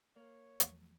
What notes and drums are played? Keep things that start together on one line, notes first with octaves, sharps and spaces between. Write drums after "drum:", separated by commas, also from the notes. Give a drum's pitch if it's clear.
A#3 C#5
E2 F3 F#3 A3, drum: hi-hat